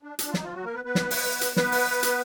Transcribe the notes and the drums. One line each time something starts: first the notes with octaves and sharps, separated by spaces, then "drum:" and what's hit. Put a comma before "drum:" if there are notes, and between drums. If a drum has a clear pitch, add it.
D4
D4, drum: hi-hat
F4
D#4, drum: snare
F3 F4
F#3 F#4
A#3 A#4
B3 B4
B3 B4
drum: snare
drum: open hi-hat
drum: hi-hat
B3 B4, drum: snare
drum: open hi-hat
drum: hi-hat